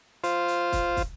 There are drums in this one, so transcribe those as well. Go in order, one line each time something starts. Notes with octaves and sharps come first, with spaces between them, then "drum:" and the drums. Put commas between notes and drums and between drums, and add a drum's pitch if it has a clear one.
F4 C5, drum: hi-hat
drum: hi-hat
drum: kick, hi-hat
drum: kick, hi-hat